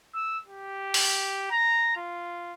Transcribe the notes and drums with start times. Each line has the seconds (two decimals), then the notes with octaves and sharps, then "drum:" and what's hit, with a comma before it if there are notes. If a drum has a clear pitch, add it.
0.14 E6
0.47 G4
0.94 drum: open hi-hat
1.51 A#5
1.96 F4